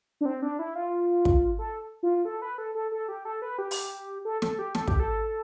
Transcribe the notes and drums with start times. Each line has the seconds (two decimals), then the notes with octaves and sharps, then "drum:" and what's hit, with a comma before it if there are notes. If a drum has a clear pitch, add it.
0.21 D4
0.25 C4
0.42 D4
0.59 E4
0.75 F4
1.25 drum: kick
1.59 A4
2.03 F4
2.25 A4
2.42 B4
2.58 A4
2.75 A4
2.92 A4
3.08 G4
3.25 A4
3.42 B4
3.58 G4
3.71 drum: open hi-hat
4.25 A4
4.42 A4, drum: snare
4.59 G4
4.75 A4, drum: snare
4.88 G4, drum: kick
5.00 A4